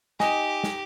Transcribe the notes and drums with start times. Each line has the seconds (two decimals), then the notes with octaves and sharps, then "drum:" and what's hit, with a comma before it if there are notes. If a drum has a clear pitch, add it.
0.20 D#4 G4 D#5 G#5, drum: snare
0.64 drum: snare